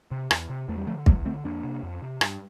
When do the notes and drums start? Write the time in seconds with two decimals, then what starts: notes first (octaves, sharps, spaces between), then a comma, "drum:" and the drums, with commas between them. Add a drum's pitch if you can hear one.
0.11 C3
0.31 E2, drum: rim click
0.50 C3
0.69 E2 A3
0.78 G3
0.87 D3 F3 A3
1.06 E2 G3 A#3, drum: kick
1.26 D3 A3 C4
1.44 F2 A#3 D4
1.64 C3
1.83 F2
2.02 C3
2.21 G2, drum: rim click